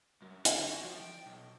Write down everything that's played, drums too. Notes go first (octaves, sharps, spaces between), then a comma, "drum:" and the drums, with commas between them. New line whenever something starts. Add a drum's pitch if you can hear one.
F#2
D3, drum: hi-hat
F#4 G4
F3
G5
B1